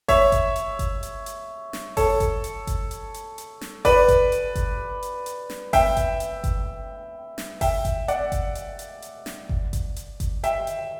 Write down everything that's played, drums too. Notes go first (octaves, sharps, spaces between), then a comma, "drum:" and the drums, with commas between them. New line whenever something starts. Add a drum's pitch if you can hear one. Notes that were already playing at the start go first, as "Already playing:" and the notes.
C#5 E5, drum: kick G1, open hi-hat
drum: kick G1, hi-hat
drum: hi-hat
drum: kick G1, hi-hat
drum: hi-hat
drum: hi-hat
drum: snare
A4 C#5, drum: kick G1, open hi-hat
drum: kick G1, hi-hat
drum: hi-hat
drum: kick G1, hi-hat
drum: hi-hat
drum: hi-hat
drum: hi-hat
drum: snare
B4 D5, drum: kick G1, open hi-hat
drum: kick G1, hi-hat
drum: hi-hat
drum: kick G1, hi-hat
drum: hi-hat
drum: hi-hat
drum: snare
E5 G5, drum: kick G1, open hi-hat
drum: kick G1, hi-hat
drum: hi-hat
drum: kick G1, hi-hat
drum: snare
E5 G5, drum: kick G1, open hi-hat
drum: kick G1, hi-hat
D5 F#5, drum: hi-hat
drum: kick G1, hi-hat
drum: hi-hat
drum: hi-hat
drum: hi-hat
drum: snare
drum: kick G1
drum: kick G1, hi-hat
drum: hi-hat
drum: kick G1, hi-hat
E5 G5, drum: hi-hat
drum: hi-hat